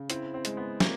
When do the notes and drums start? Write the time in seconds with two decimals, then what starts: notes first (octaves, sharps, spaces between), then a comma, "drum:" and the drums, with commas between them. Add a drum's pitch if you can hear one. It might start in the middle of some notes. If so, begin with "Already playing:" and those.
Already playing: C#3
0.10 C4 E4, drum: hi-hat
0.34 C4
0.45 G#3, drum: hi-hat
0.57 B3
0.80 A#3 C4, drum: snare